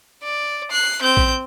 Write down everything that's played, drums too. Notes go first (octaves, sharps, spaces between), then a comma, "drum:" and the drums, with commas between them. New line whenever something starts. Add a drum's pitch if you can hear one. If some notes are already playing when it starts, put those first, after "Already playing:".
D5
F#6 C7
C4 G6
drum: kick A#1